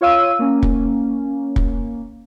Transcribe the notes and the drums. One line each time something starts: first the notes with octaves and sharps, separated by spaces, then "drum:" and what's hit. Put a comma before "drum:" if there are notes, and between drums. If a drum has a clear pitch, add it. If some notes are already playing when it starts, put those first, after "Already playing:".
F4 C#5 F5 E6 D#7
A#3 C#4
drum: kick
drum: kick